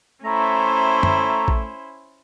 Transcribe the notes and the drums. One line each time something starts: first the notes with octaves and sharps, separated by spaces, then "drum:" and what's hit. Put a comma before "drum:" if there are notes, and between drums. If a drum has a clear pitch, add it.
A3 C#4 E4 C5 A#5
drum: tom
drum: kick A1